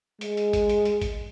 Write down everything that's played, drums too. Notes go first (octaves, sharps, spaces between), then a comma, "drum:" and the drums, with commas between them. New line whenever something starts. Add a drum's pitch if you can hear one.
G#3, drum: hi-hat
drum: hi-hat
drum: kick A1, hi-hat
drum: hi-hat
drum: hi-hat
drum: kick A1, hi-hat